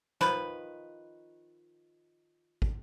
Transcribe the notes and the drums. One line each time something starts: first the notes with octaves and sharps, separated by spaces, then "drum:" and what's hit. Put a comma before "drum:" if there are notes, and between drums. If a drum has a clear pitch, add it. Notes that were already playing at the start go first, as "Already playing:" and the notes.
D#3 F3 B4, drum: snare
drum: kick